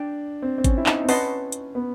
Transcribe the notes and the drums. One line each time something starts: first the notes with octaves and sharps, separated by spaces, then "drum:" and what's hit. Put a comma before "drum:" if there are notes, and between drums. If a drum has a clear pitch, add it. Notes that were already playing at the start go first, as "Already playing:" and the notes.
Already playing: D4 D5 G5
C4
C4
C#4, drum: kick G#1, hi-hat
E4
D#4, drum: clap
C4
C#4 B4 D#5 F#5 A5 C6, drum: open hi-hat
drum: hi-hat
B3